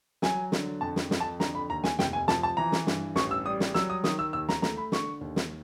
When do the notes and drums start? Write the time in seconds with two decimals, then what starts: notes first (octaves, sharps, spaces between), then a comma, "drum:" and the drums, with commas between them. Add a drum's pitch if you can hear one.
0.22 F#3 G#5, drum: snare
0.52 D3, drum: snare
0.81 F2 A5
0.96 drum: snare
1.11 F2, drum: snare
1.20 A5
1.40 D3 A#5, drum: snare
1.55 B5
1.70 D#2 A#5
1.84 G#5, drum: snare
1.99 F1 G5, drum: snare
2.13 G#5
2.28 F3 A5, drum: snare
2.43 A5
2.57 E3 A#5
2.72 drum: snare
2.87 G2, drum: snare
3.16 A1 C#6, drum: snare
3.31 E6
3.46 G3 D#6
3.60 drum: snare
3.74 F#3 E6, drum: snare
3.90 D#6
4.04 D#3 D#6, drum: snare
4.19 E6
4.33 D#2 E6
4.49 A#5, drum: snare
4.62 A3 A#5, drum: snare
4.77 B5
4.92 D3 C#6, drum: snare
5.21 D#2
5.36 drum: snare